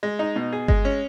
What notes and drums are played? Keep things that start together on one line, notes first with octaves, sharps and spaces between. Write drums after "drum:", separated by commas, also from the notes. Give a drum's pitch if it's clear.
G#3
D#4
B2
G#4
G#3, drum: kick G1
C#4